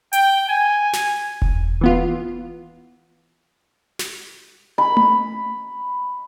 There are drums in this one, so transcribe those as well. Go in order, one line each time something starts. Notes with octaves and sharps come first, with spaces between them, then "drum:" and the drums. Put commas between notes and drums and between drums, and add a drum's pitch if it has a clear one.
G5, drum: hi-hat
G#5
drum: snare
drum: kick E1
E3 B3 F4
drum: snare
B5
drum: tom A3